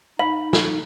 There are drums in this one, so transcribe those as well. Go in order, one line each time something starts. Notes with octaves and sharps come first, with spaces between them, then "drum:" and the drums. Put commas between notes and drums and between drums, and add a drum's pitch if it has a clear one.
D#4 F5 B5
drum: snare